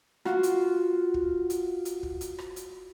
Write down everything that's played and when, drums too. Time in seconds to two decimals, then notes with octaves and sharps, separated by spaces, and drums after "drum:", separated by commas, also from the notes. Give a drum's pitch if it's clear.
0.25 F4 F#4, drum: rim click
0.43 drum: hi-hat
1.14 drum: kick
1.50 drum: hi-hat
1.85 drum: hi-hat
2.03 drum: kick
2.21 drum: hi-hat
2.38 drum: rim click
2.56 drum: hi-hat